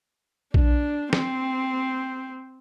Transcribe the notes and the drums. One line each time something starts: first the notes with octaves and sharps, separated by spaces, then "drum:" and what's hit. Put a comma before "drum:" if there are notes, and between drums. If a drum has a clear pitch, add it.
D4, drum: kick A#1
C4, drum: snare